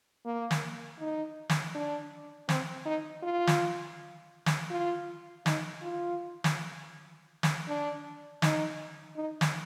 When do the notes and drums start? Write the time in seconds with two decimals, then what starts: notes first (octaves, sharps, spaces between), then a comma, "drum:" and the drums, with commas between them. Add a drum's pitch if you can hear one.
0.25 A#3
0.51 drum: snare
1.00 D#4
1.50 drum: snare
1.75 D4
2.49 C4, drum: snare
2.86 D#4
3.23 F4
3.47 drum: snare
4.46 drum: snare
4.71 F4
5.46 D#4, drum: snare
5.82 F4
6.44 drum: snare
7.43 drum: snare
7.68 D4
8.42 D#4, drum: snare
9.16 D#4
9.41 drum: snare